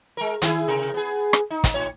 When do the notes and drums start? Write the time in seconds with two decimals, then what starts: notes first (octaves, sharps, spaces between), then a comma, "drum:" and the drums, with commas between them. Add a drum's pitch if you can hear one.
0.17 G#3 A#4
0.42 D#3 E4 G#4, drum: hi-hat
0.68 C3 A#4
0.94 B3 G#4
1.33 drum: rim click
1.50 D#4
1.64 drum: kick, hi-hat
1.74 A2 C#5